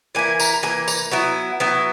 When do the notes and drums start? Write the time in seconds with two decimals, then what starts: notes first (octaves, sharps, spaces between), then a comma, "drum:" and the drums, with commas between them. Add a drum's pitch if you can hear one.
0.15 E3 A#3 E4 G#5
0.40 A#5, drum: tambourine
0.53 A#5
0.63 E3 A#3 G#5
0.88 A#5, drum: tambourine
1.11 F#3 B3 E4
1.60 F#3 B3 E4